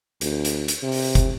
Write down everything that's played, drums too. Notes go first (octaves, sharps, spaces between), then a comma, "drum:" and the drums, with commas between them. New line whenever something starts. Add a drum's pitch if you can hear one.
D2, drum: hi-hat
drum: hi-hat
drum: hi-hat
C3
drum: open hi-hat
drum: kick F#1, hi-hat